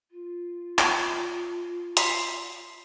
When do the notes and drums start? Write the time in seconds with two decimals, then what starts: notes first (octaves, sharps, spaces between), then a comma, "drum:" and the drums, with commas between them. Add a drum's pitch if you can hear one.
0.10 F4
0.79 drum: clap
1.97 C6 B6 C7, drum: hi-hat